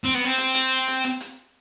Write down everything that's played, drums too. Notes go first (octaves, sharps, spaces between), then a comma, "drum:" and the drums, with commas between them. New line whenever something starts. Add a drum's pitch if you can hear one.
C4
B3
C4
drum: hi-hat
drum: hi-hat
drum: hi-hat
drum: hi-hat
drum: hi-hat